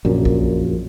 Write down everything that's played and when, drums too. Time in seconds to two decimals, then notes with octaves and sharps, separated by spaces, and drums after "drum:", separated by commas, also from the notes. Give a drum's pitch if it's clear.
0.05 A#1 F#2 A#2
0.25 drum: kick B1